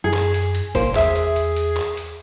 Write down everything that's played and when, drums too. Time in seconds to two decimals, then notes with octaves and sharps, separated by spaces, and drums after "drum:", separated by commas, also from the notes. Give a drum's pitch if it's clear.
0.04 F#2 G#4
0.14 drum: clap
0.34 drum: hi-hat
0.55 drum: hi-hat
0.75 A#3 C5, drum: kick, hi-hat
0.95 E2 G#4 E5, drum: clap
1.16 drum: hi-hat
1.36 drum: hi-hat
1.57 drum: hi-hat
1.77 drum: clap
1.97 drum: hi-hat